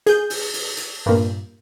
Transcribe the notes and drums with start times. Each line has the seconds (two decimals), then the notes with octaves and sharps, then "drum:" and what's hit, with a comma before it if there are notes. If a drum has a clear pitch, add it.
0.06 G#4 G6, drum: hi-hat
0.30 drum: open hi-hat
0.53 drum: open hi-hat
0.77 drum: hi-hat
1.06 G2 A#2